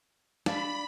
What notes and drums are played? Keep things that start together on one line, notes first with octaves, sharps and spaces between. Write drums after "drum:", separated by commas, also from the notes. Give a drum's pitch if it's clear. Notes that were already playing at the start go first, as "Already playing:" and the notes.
D4 D5 F5 B5, drum: snare